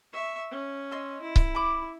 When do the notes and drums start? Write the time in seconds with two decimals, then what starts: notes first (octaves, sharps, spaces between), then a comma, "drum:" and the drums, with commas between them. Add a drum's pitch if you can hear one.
0.13 E5 C#6
0.51 C#4
0.91 D#5 C6 E6
1.22 E4
1.36 drum: kick C#1
1.55 B5 D6